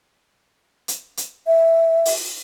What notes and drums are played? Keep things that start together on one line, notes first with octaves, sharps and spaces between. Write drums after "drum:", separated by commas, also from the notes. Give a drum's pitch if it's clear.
drum: hi-hat
drum: hi-hat
E5
drum: open hi-hat